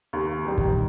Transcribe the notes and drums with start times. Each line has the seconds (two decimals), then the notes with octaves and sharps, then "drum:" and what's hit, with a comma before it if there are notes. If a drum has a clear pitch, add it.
0.13 D#2
0.45 D#3 G3
0.58 drum: kick